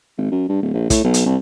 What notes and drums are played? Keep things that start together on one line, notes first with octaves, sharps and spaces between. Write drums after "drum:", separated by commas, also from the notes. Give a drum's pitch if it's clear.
G#1
F#2
G2
D1
A#1
A2, drum: kick, hi-hat
B1
drum: hi-hat
C2